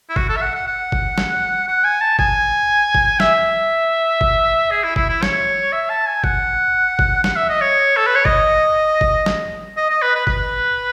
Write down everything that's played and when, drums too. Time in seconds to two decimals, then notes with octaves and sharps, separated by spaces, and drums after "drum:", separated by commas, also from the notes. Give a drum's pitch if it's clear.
0.10 E4
0.16 F#4, drum: kick G1
0.29 A4
0.36 E5
0.42 F#5
0.55 F#5
0.67 F#5
0.92 drum: kick G1
1.18 drum: snare
1.68 F#5
1.84 G#5
2.02 A5
2.19 G#5, drum: kick G1
2.95 drum: kick G1
3.20 E5, drum: snare
4.21 drum: kick G1
4.71 G#4
4.84 E4
4.96 E4, drum: kick G1
5.09 E4
5.23 C#5, drum: snare
5.73 E5
5.90 A5
6.07 G#5
6.24 F#5, drum: kick G1
6.99 drum: kick G1
7.24 F#5, drum: snare
7.36 E5
7.50 D#5
7.61 C#5
7.97 A4
8.07 B4
8.16 C#5
8.25 D#5, drum: kick G1
9.01 drum: kick G1
9.26 drum: snare
9.77 D#5
9.90 D#5
10.02 B4
10.15 B4
10.27 B4, drum: kick G1